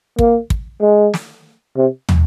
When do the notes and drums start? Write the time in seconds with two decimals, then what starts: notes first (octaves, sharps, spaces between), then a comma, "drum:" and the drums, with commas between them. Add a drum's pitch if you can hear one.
0.19 A#3, drum: kick
0.50 drum: kick
0.81 G#3
1.14 drum: snare
1.77 C3
2.09 drum: tom